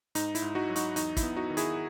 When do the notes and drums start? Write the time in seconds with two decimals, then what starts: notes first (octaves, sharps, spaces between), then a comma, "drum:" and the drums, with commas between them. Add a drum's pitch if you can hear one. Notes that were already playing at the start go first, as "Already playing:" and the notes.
0.15 G#2 D#4, drum: hi-hat
0.35 E4, drum: hi-hat
0.42 G#2
0.55 D#4 F#4
0.69 F#3
0.76 D#4 F#4, drum: hi-hat
0.96 E2 D#4, drum: hi-hat
1.17 E4, drum: kick, hi-hat
1.23 B3
1.36 D#4 F#4
1.50 D#3
1.57 E4 G#4, drum: hi-hat